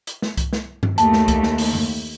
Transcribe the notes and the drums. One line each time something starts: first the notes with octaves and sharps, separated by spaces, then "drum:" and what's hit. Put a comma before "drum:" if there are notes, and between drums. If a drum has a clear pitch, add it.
drum: hi-hat
drum: snare
drum: kick C2, hi-hat
drum: snare
drum: tom G2
D#2 A3 A5, drum: hi-hat
drum: snare
drum: kick C2, hi-hat
drum: snare
drum: open hi-hat
drum: tom F#2